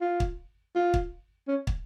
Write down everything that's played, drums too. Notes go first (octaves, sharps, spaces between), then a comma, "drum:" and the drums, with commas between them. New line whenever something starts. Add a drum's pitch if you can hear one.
F4
drum: kick
F4
drum: kick
C#4
drum: kick